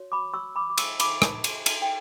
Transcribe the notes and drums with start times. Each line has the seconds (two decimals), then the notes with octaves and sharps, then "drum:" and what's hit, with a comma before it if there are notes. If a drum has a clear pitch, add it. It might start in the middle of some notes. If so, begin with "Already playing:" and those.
Already playing: F#4 C#5
0.12 B5 D6
0.34 C#6 E6
0.56 B5 D6
0.70 D6
0.78 C#6 E6, drum: cymbal
1.00 B5 D6, drum: cymbal
1.22 A5 C#6, drum: rim click
1.44 drum: cymbal
1.66 drum: cymbal
1.82 G5